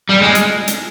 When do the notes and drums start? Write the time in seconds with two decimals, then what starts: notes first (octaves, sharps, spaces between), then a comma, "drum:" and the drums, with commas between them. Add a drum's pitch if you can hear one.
0.10 G3
0.23 G#3
0.35 drum: hi-hat
0.68 drum: hi-hat